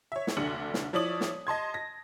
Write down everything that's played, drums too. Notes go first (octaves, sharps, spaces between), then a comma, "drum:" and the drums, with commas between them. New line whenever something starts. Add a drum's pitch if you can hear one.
C#5 E5
drum: snare
F1 D2 D3 D4 C#7 F#7
drum: snare
F3 E4 C#5 D5 D#6 F#7
drum: snare
D#5 A5 C6 G#6
A#6